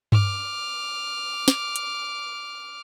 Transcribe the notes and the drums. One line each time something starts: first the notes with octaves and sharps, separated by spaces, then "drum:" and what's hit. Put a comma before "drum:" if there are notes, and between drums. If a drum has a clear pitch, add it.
D6 F6, drum: tom G2
drum: snare
drum: hi-hat